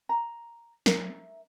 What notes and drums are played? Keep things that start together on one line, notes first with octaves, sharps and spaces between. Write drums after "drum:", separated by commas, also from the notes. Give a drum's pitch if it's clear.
A#5
A#4 E5, drum: snare